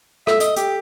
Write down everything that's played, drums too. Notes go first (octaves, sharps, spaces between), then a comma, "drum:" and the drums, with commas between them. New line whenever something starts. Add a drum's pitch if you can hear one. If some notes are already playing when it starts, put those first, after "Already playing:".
A4 E5 E6, drum: rim click
D#5, drum: hi-hat
G4, drum: hi-hat